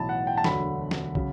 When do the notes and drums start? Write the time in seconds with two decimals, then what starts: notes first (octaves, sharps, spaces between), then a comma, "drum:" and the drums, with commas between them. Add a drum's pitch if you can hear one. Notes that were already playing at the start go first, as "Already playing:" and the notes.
Already playing: B1 A2 E3 A5 B5
0.09 F#5
0.27 G5
0.38 A5
0.44 E1 D2 D3 F#3 B5, drum: snare
0.91 drum: snare
1.15 C#3 F#3, drum: kick